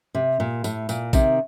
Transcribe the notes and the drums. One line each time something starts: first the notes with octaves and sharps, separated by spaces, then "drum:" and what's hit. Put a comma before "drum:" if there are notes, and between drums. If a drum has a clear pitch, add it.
C3
A#2
A2, drum: tambourine
A#2, drum: tambourine
C3 D#3, drum: kick, tambourine